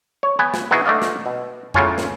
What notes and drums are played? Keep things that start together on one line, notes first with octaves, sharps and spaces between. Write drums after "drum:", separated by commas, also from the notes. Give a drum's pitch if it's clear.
C#5
B3 B4 G#5
drum: snare
B3 D#4 E4 F#4 G#4
D3 A3 D5 D#5 F5
drum: snare
B2
A2 C#3 F#3 F4 C#5 G#5, drum: tom F2
drum: snare